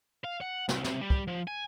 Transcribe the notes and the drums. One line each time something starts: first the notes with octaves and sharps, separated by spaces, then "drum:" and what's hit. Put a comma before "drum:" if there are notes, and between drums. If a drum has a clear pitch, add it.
F5
F#5
C2, drum: snare
C3, drum: snare
G3
drum: kick
F3
G#5